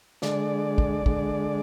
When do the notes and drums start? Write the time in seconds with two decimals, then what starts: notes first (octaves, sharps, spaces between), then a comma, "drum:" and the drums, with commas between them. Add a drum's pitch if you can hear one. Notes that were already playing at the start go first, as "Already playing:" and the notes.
0.22 D3 G#3 D5, drum: snare
0.78 drum: kick
1.06 D3 G#3, drum: kick